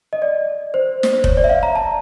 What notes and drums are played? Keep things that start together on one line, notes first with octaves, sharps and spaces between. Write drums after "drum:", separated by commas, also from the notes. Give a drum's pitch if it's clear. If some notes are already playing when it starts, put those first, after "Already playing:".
D#5
D5
C5
drum: snare
C5
C#5, drum: kick F1
D5
E5
F5
A#5
A5